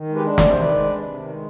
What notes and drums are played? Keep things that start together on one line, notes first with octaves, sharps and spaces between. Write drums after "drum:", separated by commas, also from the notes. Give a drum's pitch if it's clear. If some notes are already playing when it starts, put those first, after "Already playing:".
Already playing: D#3
G#3
G4 B4
D4
C3 D5, drum: snare
D#3 C5
B4 D5
G#3
D4
C3
D#3
G#3